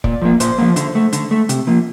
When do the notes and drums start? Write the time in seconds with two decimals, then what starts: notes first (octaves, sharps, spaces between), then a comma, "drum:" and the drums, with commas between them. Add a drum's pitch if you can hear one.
0.04 A#2 D5, drum: kick
0.22 F3 A#3
0.40 A#2 C5, drum: hi-hat
0.58 F3 A#3
0.76 D3, drum: hi-hat
0.95 A3
1.13 D3, drum: hi-hat
1.31 A3
1.49 C3, drum: hi-hat
1.67 F3 A#3